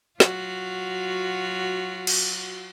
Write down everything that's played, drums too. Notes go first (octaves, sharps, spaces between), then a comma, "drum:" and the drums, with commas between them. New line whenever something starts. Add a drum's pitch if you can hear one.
F#3 F4 F#4, drum: snare
drum: cymbal